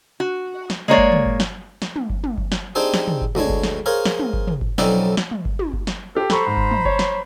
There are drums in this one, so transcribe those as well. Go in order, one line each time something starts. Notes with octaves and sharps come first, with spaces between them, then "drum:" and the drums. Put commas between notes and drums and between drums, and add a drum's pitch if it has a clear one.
F#4
drum: snare
G#3 A#3 C#5 D5
drum: kick G1
drum: tom
drum: kick G1
drum: snare
drum: snare
drum: tom
drum: kick G1
drum: tom
drum: kick G1
drum: snare
C4 D4 D#4 G4 G#4 C5
drum: snare
drum: tom
drum: kick G1
D2 G#3 D4 C#5, drum: tom
drum: kick G1
drum: snare
G#4 A#4 C5 C#5 F5
drum: snare
drum: tom
drum: kick G1
drum: tom
drum: kick G1
B1 F2 C4 C#4 D#4 D5, drum: snare
drum: snare
drum: tom
drum: kick G1
drum: tom
drum: kick G1
drum: snare
G4 A4 C5
A4 C5 A#5 B5 C#6, drum: snare
G#2
drum: kick G1
drum: tom
C#5, drum: kick G1
drum: snare